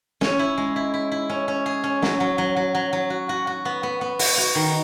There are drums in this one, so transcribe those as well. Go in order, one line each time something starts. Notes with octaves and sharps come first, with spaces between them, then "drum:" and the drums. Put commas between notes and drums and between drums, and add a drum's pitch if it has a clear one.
C#4, drum: snare
E4
G#3
E4
E4
E4
C#4
C#4
G#4
C#4
F#3, drum: snare
F#3
F#3
F#3
F#3
F#3
F#4
F#4
F#4
B3
B3
B3
F#4, drum: open hi-hat
F#4
D#3